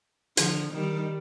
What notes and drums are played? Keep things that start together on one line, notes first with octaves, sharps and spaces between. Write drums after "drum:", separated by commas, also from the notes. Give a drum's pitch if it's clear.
D3 F3, drum: hi-hat
D#3 G3